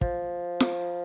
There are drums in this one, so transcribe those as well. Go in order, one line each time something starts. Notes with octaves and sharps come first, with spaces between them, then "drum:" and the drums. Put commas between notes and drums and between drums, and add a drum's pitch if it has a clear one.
F3, drum: kick
drum: snare F4